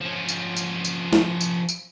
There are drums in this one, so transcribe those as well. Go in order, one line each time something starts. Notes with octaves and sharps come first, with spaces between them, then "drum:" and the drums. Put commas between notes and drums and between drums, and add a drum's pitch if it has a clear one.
F3 C#4
drum: tambourine
drum: tambourine
drum: tambourine
drum: snare
drum: tambourine
drum: tambourine